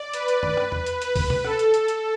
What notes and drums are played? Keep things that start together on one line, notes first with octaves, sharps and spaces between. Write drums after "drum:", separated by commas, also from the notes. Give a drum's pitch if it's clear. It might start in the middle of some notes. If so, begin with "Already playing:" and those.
Already playing: D5
B4, drum: hi-hat
drum: hi-hat
drum: tom
drum: rim click
drum: tom
drum: hi-hat
B4, drum: hi-hat
drum: kick C#2, open hi-hat
drum: tom B2
A4, drum: rim click
drum: hi-hat
drum: hi-hat
drum: hi-hat